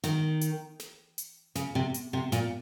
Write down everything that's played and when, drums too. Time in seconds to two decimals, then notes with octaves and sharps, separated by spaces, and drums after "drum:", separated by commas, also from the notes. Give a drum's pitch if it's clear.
0.04 D#3, drum: snare
0.41 drum: hi-hat
0.80 drum: snare
1.18 drum: hi-hat
1.55 C#3, drum: snare
1.75 C3
1.94 drum: hi-hat
2.13 C3
2.32 A#2, drum: snare